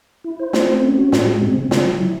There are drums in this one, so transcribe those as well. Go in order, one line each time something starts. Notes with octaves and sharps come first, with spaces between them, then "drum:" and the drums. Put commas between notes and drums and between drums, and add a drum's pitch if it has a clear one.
E4
C5
A3, drum: snare
C4
C#4
F#4
A2, drum: snare
G#3
C4
C#3
C#3, drum: snare
F#3
E4